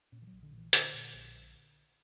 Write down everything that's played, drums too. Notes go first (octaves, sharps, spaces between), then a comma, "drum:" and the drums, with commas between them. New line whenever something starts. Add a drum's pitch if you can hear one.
A#2 C#4
E3
F#3
A#1
D3
A#2 E3
A#2 D3, drum: hi-hat
A#2
A#1